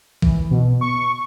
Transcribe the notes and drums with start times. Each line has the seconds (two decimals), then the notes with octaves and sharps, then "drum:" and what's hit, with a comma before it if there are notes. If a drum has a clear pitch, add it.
0.22 E3, drum: kick
0.51 B2
0.81 C#6